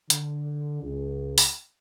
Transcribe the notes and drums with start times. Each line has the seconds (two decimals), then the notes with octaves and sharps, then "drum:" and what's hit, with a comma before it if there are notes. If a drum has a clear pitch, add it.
0.10 D3, drum: hi-hat
0.82 C#2
1.38 drum: open hi-hat